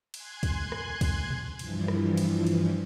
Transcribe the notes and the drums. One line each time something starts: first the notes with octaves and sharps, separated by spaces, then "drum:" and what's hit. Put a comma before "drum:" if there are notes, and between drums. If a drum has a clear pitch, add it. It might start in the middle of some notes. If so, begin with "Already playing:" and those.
G#5 C6 F#6 G#6, drum: cymbal
drum: kick, cymbal
drum: rim click
drum: kick, cymbal
drum: tom B2
G2 E3 F3, drum: cymbal
drum: rim click
drum: cymbal
drum: cymbal